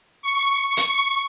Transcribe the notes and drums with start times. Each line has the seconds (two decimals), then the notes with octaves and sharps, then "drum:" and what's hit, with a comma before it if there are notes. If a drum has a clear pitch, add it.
0.22 C#6
0.67 C#6
0.77 drum: hi-hat